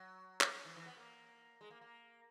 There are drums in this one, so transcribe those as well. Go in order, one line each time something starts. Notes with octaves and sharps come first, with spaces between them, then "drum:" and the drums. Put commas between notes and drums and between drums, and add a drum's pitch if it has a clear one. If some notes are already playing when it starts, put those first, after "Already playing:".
Already playing: F#3
drum: clap
E3
E3
B3
A#3
G#3
A#3
A#3